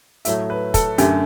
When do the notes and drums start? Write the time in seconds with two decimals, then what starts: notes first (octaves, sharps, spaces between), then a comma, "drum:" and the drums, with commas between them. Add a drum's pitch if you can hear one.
0.25 A2 F#3 A3 E5, drum: hi-hat
0.50 B4
0.74 A4, drum: kick, hi-hat
0.98 F#2 D3 A3 G4, drum: hi-hat